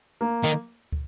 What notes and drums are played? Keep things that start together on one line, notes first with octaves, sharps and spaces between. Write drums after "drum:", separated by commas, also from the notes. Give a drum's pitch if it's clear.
A#3
D#3
drum: kick